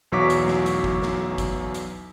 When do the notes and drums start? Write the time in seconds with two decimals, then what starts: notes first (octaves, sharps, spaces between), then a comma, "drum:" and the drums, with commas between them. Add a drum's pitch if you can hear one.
0.12 B1 E2 F#3 C#6 D6 B6
0.30 drum: hi-hat
0.48 drum: snare
0.66 drum: hi-hat
0.84 drum: kick
1.02 drum: snare
1.38 drum: kick, hi-hat
1.74 drum: hi-hat